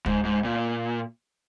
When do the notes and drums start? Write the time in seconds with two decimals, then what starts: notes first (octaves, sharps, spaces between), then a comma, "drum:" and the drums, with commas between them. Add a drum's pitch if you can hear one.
0.06 G#2, drum: kick
0.25 G#2
0.44 A#2